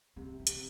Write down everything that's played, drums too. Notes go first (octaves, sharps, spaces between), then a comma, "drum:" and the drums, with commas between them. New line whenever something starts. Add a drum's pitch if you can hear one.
C3 C4
E3
C3, drum: hi-hat